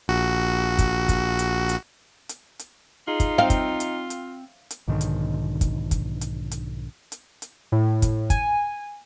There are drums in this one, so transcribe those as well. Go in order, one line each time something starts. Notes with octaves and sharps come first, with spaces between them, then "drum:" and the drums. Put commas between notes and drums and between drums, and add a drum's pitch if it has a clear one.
A#1 F#4
drum: kick, hi-hat
drum: kick, hi-hat
drum: hi-hat
drum: hi-hat
drum: hi-hat
drum: hi-hat
D#4 F4 G#4
drum: kick, hi-hat
C4 F5 G5
drum: kick, hi-hat
drum: hi-hat
drum: hi-hat
drum: hi-hat
B1 G#2 D3 D#3
drum: hi-hat
drum: kick, hi-hat
drum: kick, hi-hat
drum: hi-hat
drum: hi-hat
drum: hi-hat
drum: hi-hat
A2
drum: kick, hi-hat
G#5, drum: kick, hi-hat